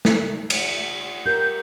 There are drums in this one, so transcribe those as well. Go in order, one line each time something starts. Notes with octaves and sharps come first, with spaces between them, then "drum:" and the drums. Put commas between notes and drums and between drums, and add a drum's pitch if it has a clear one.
drum: snare
drum: cymbal
G4 A#4 G6